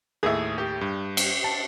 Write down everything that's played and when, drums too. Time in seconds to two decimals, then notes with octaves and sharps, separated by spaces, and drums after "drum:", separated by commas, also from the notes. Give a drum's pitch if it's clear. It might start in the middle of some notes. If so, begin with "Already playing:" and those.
0.23 D#2 A2 G#4 E5
0.58 G4
0.81 G2
1.17 drum: cymbal
1.44 A5